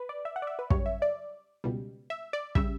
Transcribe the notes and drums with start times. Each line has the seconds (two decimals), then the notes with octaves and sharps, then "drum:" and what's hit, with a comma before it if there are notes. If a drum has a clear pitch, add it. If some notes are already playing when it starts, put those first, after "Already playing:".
Already playing: B4
0.09 D5
0.25 E5
0.36 F#5
0.42 D5
0.47 E5
0.59 B4
0.70 F#2 C#3 G3 C#5, drum: kick
0.86 E5
1.02 D5
1.64 C#2 B2 G3
2.10 E5
2.33 D5
2.55 C#3 G3 E5, drum: kick